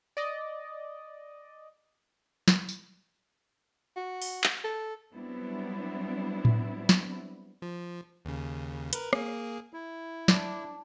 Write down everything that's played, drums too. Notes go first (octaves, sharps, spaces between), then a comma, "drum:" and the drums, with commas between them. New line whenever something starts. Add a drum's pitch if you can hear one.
D5 D#5
drum: snare
drum: tambourine
F#4
drum: open hi-hat
drum: clap
A4
F#3 G3 B3 C4 D4 E4
drum: tom A2
drum: snare
F3
D#2 C#3
A#4 B4, drum: hi-hat
A#3 G#4, drum: rim click
E4
D4, drum: snare